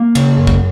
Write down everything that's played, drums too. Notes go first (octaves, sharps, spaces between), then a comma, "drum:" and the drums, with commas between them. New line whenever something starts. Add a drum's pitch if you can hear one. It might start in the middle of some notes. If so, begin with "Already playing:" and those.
Already playing: A#3
C#3, drum: cymbal
F#2
drum: kick